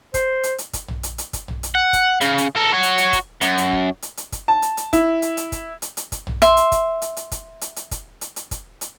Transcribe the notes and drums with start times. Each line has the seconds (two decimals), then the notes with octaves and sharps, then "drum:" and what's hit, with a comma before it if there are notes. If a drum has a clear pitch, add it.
0.14 C5, drum: kick, hi-hat
0.43 drum: hi-hat
0.58 drum: hi-hat
0.73 drum: kick, hi-hat
0.88 drum: tom A#1
1.03 drum: hi-hat
1.18 drum: hi-hat
1.33 drum: kick, hi-hat
1.48 drum: tom A#1
1.63 drum: hi-hat
1.75 F#5
1.93 drum: kick, hi-hat
2.21 C#3, drum: hi-hat
2.38 drum: hi-hat
2.56 A4 A#4
2.73 F#4 C#5
2.83 drum: hi-hat
2.98 drum: hi-hat
3.13 drum: kick, hi-hat
3.41 F#2, drum: hi-hat
3.58 drum: hi-hat
3.73 drum: kick
4.02 drum: hi-hat
4.17 drum: hi-hat
4.32 drum: kick, hi-hat
4.48 A5
4.62 drum: hi-hat
4.77 drum: hi-hat
4.93 E4, drum: kick, hi-hat
5.22 drum: hi-hat
5.37 drum: hi-hat
5.52 drum: kick, hi-hat
5.82 drum: hi-hat
5.97 drum: hi-hat
6.12 drum: kick, hi-hat
6.27 drum: tom A#1
6.42 E5 C6, drum: hi-hat
6.57 drum: hi-hat
6.72 drum: kick, hi-hat
7.02 drum: hi-hat
7.17 drum: hi-hat
7.32 drum: kick, hi-hat
7.61 drum: hi-hat
7.76 drum: hi-hat
7.91 drum: kick, hi-hat
8.21 drum: hi-hat
8.36 drum: hi-hat
8.51 drum: kick, hi-hat
8.81 drum: hi-hat